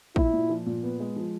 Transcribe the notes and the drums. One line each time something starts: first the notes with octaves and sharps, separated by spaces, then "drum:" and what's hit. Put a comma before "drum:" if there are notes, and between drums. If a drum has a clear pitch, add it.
A#2 E4, drum: kick
A#2
F3
A#2
B3
G#3
F3